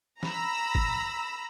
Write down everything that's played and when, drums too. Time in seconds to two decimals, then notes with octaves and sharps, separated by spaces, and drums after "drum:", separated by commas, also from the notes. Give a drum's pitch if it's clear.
0.23 A#5 B5 E6, drum: snare
0.75 drum: kick